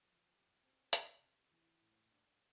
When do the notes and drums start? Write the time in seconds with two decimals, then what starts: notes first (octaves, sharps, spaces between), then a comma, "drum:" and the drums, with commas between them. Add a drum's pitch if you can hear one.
0.05 F3
0.34 G4
0.63 C4
0.93 C3, drum: hi-hat
1.22 C3
1.51 E3
1.81 A2
2.11 D4